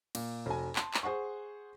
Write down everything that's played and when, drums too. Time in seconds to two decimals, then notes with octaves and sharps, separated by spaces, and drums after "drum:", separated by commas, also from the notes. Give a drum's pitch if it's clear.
0.15 A#2, drum: cymbal
0.46 F1 F#4 G#5
0.76 A5 C6, drum: clap
0.94 drum: clap
1.03 G#4 C5 F#5 C#6